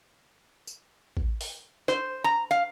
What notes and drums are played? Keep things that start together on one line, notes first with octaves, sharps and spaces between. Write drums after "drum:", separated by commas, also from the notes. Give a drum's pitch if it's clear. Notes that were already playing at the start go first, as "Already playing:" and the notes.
drum: tambourine
drum: kick A1
drum: open hi-hat
C5, drum: snare
A#5
F5